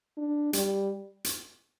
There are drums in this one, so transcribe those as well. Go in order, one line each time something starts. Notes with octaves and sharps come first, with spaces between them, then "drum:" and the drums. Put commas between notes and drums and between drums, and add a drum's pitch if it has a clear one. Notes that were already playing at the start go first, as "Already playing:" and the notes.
D4
G3, drum: hi-hat
drum: hi-hat